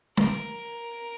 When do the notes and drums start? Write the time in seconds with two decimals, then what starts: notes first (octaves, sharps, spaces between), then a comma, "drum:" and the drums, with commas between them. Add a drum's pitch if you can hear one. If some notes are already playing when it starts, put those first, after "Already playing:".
0.17 A#4, drum: snare